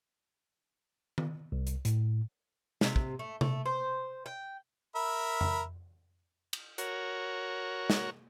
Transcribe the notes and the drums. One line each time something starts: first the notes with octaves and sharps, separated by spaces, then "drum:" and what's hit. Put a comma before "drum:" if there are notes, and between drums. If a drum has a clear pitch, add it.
drum: tom D#3
C2
drum: hi-hat
A2, drum: hi-hat
C3, drum: snare
drum: kick
A3
A3, drum: tom C3
C5
G5
A#4 E5 B5
drum: tom F2
drum: cymbal
F#4 A#4 C#5, drum: hi-hat
drum: snare